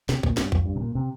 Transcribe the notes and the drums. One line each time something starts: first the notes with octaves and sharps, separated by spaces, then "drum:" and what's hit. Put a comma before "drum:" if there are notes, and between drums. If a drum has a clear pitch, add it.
C3, drum: snare
A#2, drum: kick A#1
G2, drum: snare
F2, drum: kick A#1
G2
C3
A#2
C3